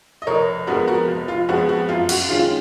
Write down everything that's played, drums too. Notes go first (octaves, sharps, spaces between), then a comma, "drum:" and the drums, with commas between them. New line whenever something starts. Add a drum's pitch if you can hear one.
D#5
F1 A#4 C#5
F2 F3 G#3 B3 F#4 A#4
F#4 A#4
F1
F4
F2 F3 G#3 B3 F#4
F#4
F#2 F4
F#4, drum: cymbal
D#3 G#3 C#4 F4